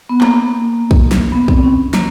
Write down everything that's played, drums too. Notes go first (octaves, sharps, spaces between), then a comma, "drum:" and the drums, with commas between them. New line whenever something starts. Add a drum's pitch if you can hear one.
B3
A#3, drum: clap
A#3
drum: kick
drum: snare
B3
C4, drum: kick
C#4
A#3, drum: snare